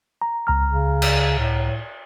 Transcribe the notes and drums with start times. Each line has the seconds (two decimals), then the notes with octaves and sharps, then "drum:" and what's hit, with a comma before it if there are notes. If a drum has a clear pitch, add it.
0.22 A#5
0.47 C#2 A#5 F6
0.67 C#3
1.02 drum: cymbal
1.38 A2